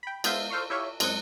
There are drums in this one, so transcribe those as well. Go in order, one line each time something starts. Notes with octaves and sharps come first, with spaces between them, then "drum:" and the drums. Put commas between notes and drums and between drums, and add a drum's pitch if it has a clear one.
G5 B5
G#3 B3 F4 C5 E5 F5, drum: cymbal
A4 C5 F5 C6 C#6
E4 G4 C#5 E5 F5 C#6
F#2 G#3 C4 F#6 C#7, drum: cymbal